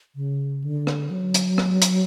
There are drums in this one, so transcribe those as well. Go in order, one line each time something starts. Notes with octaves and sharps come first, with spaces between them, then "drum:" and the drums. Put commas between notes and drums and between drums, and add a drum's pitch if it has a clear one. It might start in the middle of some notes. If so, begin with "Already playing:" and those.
C#3
D3
drum: rim click
F#3
drum: hi-hat
drum: rim click
drum: hi-hat